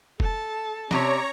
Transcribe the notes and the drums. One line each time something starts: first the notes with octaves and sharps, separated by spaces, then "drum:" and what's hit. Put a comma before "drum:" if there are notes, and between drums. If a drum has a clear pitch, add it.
A4 A5, drum: kick
C3 C#4 C#5 D5 A#5, drum: snare